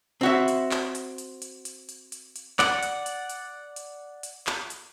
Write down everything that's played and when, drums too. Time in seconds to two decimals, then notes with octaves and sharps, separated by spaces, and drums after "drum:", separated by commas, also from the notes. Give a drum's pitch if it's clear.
0.21 C4 F#4 E5
0.48 drum: hi-hat
0.71 drum: clap
0.95 drum: hi-hat
1.18 drum: hi-hat
1.42 drum: hi-hat
1.65 drum: hi-hat
1.89 drum: hi-hat
2.12 drum: hi-hat
2.36 drum: hi-hat
2.59 D5 F#5, drum: clap
2.83 drum: hi-hat
3.06 drum: hi-hat
3.29 drum: hi-hat
3.76 drum: hi-hat
4.23 drum: hi-hat
4.47 drum: clap
4.70 drum: hi-hat